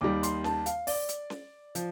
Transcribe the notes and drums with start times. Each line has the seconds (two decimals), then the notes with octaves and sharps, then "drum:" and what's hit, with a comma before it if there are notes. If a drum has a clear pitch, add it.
0.01 D#2 D#3 G3 D6
0.23 C6, drum: hi-hat
0.44 A5, drum: snare C#4
0.66 F5, drum: hi-hat
0.87 D5, drum: open hi-hat
1.09 drum: hi-hat
1.30 drum: snare C#4
1.75 F3, drum: hi-hat